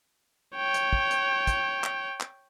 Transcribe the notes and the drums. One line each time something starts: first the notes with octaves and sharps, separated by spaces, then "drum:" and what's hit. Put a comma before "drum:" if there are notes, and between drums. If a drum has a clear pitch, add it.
C#5 G5
drum: hi-hat
drum: kick
drum: hi-hat
drum: kick, hi-hat
drum: clap
drum: clap